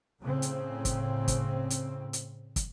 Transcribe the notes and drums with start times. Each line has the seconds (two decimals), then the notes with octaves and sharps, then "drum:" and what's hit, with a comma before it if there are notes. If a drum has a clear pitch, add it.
0.21 A2 C#3 C4
0.42 drum: hi-hat
0.85 drum: kick, hi-hat
1.28 drum: kick, hi-hat
1.70 drum: hi-hat
2.13 drum: hi-hat
2.56 drum: kick, hi-hat